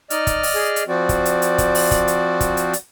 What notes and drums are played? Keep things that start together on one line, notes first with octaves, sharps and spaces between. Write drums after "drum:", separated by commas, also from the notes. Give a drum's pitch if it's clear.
D#4 D5 D#5 F6, drum: hi-hat
drum: kick, hi-hat
drum: open hi-hat
G#4
drum: hi-hat
F3 C4 F#4 D5
drum: kick, hi-hat
drum: hi-hat
drum: hi-hat
drum: kick, hi-hat
drum: open hi-hat
drum: kick, hi-hat
drum: hi-hat
drum: kick, hi-hat
drum: hi-hat
drum: hi-hat